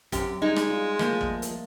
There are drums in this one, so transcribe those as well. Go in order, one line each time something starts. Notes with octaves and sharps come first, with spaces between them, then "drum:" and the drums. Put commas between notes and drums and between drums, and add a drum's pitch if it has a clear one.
F#2 C4 G4, drum: kick, hi-hat
G3 G#3 D#4
drum: rim click
F4
F3 A3 A#3 D#5, drum: rim click
drum: kick
drum: hi-hat